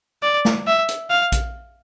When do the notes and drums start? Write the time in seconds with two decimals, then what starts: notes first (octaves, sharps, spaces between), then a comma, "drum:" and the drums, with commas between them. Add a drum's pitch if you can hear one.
0.23 D5
0.45 drum: snare
0.67 E5
0.89 drum: hi-hat
1.10 F5
1.32 drum: kick A#1, hi-hat